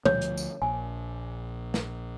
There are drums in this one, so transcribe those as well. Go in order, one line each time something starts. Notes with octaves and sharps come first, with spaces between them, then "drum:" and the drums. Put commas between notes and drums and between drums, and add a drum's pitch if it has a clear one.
D2 F3 C#5, drum: tom
drum: hi-hat
drum: tambourine
A#1 G#5
drum: snare